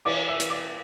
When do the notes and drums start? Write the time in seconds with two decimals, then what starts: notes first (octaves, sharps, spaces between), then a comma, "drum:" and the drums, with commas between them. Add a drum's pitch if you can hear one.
0.05 E3 D5 D6, drum: cymbal
0.28 E5 E6
0.40 E3, drum: hi-hat
0.50 D5 D6